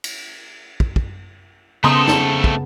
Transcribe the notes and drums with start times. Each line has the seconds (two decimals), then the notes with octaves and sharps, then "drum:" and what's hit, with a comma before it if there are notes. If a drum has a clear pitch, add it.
0.04 drum: cymbal
0.80 drum: kick
0.96 drum: kick
1.84 C#3 A3 B3 C4 A4 A#5 C6 D#6
2.07 A5, drum: snare
2.44 drum: kick